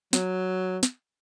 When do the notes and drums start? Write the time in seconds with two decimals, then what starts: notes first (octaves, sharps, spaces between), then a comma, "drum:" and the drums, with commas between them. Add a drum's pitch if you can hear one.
0.13 F#3, drum: snare
0.83 drum: snare